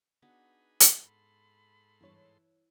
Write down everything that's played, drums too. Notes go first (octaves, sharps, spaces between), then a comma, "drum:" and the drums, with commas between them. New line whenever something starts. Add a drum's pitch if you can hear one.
B3 D4 D#4 F#4 G#4 B4
drum: hi-hat
G#2 A4 B5 C6
E2 G2 E4 B4 C#5 A5